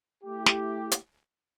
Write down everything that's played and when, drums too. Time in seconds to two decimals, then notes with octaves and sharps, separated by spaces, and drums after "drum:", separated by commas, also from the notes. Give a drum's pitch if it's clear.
0.24 A3 E4 G4
0.46 drum: snare
0.91 drum: hi-hat